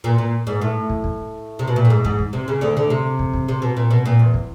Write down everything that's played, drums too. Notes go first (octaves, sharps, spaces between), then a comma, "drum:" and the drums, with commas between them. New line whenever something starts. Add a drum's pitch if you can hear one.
A#2
A#2
G#2
A2
drum: kick
drum: kick
C3
B2
A#2
A2
G#2
G#2, drum: kick
drum: kick
C3
C#3
D2 D3
D2 D3
C3
drum: kick
drum: kick
C3
B2
A#2
B2
A#2
E2
drum: kick